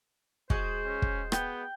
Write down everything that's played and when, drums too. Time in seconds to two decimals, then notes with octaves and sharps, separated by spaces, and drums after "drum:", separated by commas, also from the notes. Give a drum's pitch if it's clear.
0.50 G#3 F#4 C5, drum: kick
0.85 C#4
1.02 drum: kick
1.32 B3 G5, drum: rim click